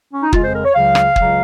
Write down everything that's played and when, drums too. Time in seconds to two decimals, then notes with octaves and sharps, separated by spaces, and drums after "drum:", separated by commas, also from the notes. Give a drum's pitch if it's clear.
0.12 C#4
0.23 D#4
0.33 F2 C#3 G#3 F4, drum: kick
0.44 C5
0.53 A#4
0.64 C#5
0.74 C#2 C#3 F#3 F5
0.95 drum: rim click
1.16 C#2 C#3 F#3, drum: kick